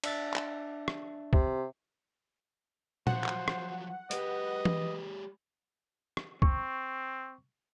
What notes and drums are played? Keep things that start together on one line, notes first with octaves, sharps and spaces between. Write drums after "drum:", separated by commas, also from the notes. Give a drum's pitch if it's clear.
D4 E5 A6, drum: cymbal
drum: clap
drum: rim click
C3, drum: kick
F3 F#3 C5 F#5, drum: tom A#2
drum: clap
drum: rim click
G#3 G4 B4 D#5, drum: hi-hat
drum: tom E3
drum: rim click
C4 C#6, drum: kick